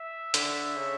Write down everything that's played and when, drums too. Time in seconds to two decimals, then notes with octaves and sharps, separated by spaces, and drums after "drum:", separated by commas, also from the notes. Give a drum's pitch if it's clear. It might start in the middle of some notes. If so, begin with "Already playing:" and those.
Already playing: E5
0.34 D3, drum: hi-hat
0.77 C#3